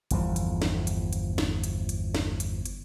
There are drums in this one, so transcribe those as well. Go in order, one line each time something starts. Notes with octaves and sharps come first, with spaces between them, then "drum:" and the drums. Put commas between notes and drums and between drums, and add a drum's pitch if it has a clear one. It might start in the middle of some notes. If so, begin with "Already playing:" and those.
G1 E2 F3, drum: hi-hat
drum: hi-hat
drum: snare
drum: hi-hat
drum: hi-hat
drum: snare
drum: hi-hat
drum: hi-hat
drum: snare
drum: hi-hat
drum: hi-hat